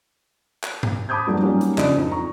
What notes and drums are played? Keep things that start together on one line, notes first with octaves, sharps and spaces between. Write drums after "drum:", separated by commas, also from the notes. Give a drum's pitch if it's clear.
drum: clap
drum: tom G2
A5 B5 D6 D#6 G6 G#6
G2 F3 F#3 A#3 D4 F#4
F#3 G3 A#3 C#4 D#4 G4
drum: hi-hat
C#3 F3 D4 D5 D#5, drum: clap
G#1 F2 D#4
A#5 C#6